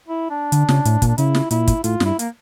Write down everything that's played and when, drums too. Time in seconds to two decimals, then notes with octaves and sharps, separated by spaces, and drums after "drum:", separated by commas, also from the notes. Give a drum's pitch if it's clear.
0.08 E4
0.30 D4
0.52 D3, drum: hi-hat
0.69 C#3, drum: snare
0.85 A2, drum: hi-hat
1.02 A#2, drum: kick, hi-hat
1.08 D4
1.18 C#3 E4, drum: hi-hat
1.35 drum: snare
1.51 A#2 E4, drum: hi-hat
1.67 drum: kick, hi-hat
1.84 A2 F4, drum: hi-hat
2.00 G2, drum: snare
2.06 E4
2.19 A#3, drum: hi-hat